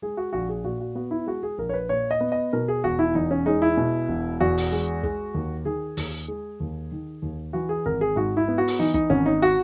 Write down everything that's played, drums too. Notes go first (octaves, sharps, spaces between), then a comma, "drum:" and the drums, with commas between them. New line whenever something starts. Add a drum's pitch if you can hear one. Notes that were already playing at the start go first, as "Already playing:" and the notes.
G#3 G#4
F#4
A#1 F#4
G#4
A#2 F#4
F#4
B3 F#4
E4
G#3 F#4
G#4
A#1 A#4
C#5
B4
A#2 C#5
D#5
B3
D#5
B2 A#4
G#4
E1 F#4
E4
E2 D#4
C#4
G#3 D#4
E4
B2
E1
E2 F#4
drum: open hi-hat
G#3
G#3, drum: kick
D#2
D#3 G#4
D#2, drum: open hi-hat
G#3
D#2
D#3
D#2
E3 F#4
G#4
G#1 A#4
G#4
G#2 F#4
E4
B3
F#4
drum: open hi-hat
E3 D#4
D#4, drum: kick
G#1 C#4
D#4
F#4